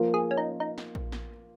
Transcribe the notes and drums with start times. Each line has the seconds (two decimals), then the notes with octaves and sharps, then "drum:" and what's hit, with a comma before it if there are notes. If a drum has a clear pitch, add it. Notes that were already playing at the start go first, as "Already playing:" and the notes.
Already playing: F3 A#3 F4 A#4
0.14 G#4
0.31 C#4
0.37 D#4
0.60 D#4
0.78 drum: snare
0.95 drum: kick A#1
1.12 drum: snare